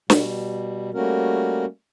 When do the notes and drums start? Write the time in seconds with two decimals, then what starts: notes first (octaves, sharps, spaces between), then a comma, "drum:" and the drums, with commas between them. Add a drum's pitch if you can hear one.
0.10 B2 G3, drum: snare
0.94 G3 A3 A#3 C#4 F#4 A#4